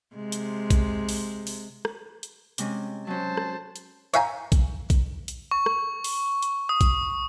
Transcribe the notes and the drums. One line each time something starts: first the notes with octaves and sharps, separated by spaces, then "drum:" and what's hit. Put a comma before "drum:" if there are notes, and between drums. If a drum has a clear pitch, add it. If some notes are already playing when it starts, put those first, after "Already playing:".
C3 G#3
drum: hi-hat
drum: kick A#1, hi-hat
drum: open hi-hat
drum: open hi-hat
drum: rim click
drum: hi-hat
C3 G#3 C#4, drum: hi-hat
F#3 C#4 C5 A5
drum: rim click
drum: hi-hat
C#5 E5 F5 G5 G#5 A#5, drum: hi-hat
drum: kick A#1, hi-hat
drum: kick A#1, hi-hat
drum: hi-hat
C#6
drum: rim click
drum: open hi-hat
drum: hi-hat
D#6
drum: kick A#1, hi-hat